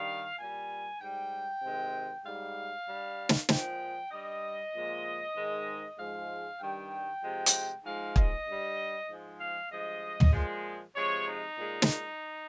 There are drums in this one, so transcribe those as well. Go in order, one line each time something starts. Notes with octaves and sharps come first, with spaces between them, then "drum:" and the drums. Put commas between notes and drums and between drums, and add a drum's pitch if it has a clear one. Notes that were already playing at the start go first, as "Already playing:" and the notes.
Already playing: G2 D#3 G3 F5
A#2 G3 G#5
G#2 G3 G5
C3 D#3 G#3
G#2 G3 F5
G2 G3
drum: snare
A#2 F3 G#3 G5, drum: snare
G2 G3 D#5
A#2 F3 G#3
G#2 D#3 G#3
G#2 F3 G#3 F5
G2 D#3 G3 G5
C3 F3 G#3
drum: hi-hat
G#2 F3 G#3 F5
D#5, drum: kick
G2 G3
G#2 F3 G#3
F5
G2 F3 G#3 D#5
drum: tom
A#2 F3 G#3
C3 F3 G#3 C#5
D#4
A#2 G#3
drum: snare